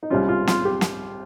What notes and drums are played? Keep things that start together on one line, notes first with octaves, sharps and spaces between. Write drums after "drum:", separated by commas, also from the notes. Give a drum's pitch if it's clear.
D#4
C2 C3 G3 C#4 F4
F4
F4, drum: snare
G4
drum: snare